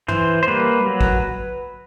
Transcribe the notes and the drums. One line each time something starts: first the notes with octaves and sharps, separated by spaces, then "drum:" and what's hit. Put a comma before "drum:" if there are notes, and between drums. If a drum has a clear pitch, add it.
E3 C5, drum: tom
C5
G3 A#3 B4
F#3
drum: kick